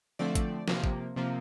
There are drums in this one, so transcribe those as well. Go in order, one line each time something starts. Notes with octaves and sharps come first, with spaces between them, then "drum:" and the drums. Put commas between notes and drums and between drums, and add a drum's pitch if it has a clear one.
D3 F3 A3 C4 D5
drum: kick G#1, hi-hat
C3 F3 A#3, drum: snare
drum: kick G#1
C3 F3 A#3